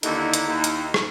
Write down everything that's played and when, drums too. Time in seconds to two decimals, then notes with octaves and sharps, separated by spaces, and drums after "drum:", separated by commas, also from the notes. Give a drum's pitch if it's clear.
0.03 D#2 D3 D#4 E4, drum: hi-hat
0.34 drum: hi-hat
0.47 D#2
0.64 drum: hi-hat
0.94 drum: rim click